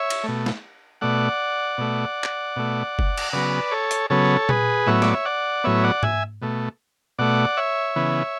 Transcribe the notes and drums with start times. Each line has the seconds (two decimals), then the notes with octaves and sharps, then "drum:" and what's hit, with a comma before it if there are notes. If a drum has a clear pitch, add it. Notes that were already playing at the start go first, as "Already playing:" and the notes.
Already playing: C#5 E5
0.10 drum: cymbal
0.24 B2 A3
0.46 drum: snare
1.01 B2 A3 D5 F#5
1.78 B2 A3
2.24 drum: clap
2.56 B2 A3
2.99 drum: kick F#1
3.17 drum: cymbal
3.33 C#3 F#3 B3 B4 D5
3.71 A4 C#5
3.91 drum: hi-hat
4.10 C#3 F#3 B3 A4 C#5
4.49 G#4 B4, drum: tom A#2
4.87 A2 F#3 B3 C#5 E5
5.02 D5, drum: snare
5.14 E5
5.25 D5 F#5
5.64 A2 F#3 B3 C#5 E5
5.84 D5 F#5
6.03 E5 G#5, drum: tom G#2
6.42 B2 A3
7.19 B2 A3 D5 F#5
7.57 C#5 E5
7.96 C#3 E3 B3